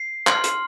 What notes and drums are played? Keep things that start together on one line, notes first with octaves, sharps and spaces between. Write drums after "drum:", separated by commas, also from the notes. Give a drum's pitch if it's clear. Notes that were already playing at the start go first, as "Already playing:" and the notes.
Already playing: C7
C6 F6, drum: clap
drum: hi-hat